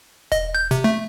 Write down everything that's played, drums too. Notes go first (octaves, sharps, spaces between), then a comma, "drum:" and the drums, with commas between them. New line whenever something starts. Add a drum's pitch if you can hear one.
D#5, drum: kick E1, hi-hat
G6
C3, drum: hi-hat
A3